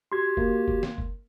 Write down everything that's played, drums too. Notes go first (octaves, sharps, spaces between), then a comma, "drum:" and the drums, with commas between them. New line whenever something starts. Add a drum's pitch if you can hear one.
F#4 G4 C6 G#6
A#3, drum: kick F#1
drum: kick F#1
drum: snare
drum: kick F#1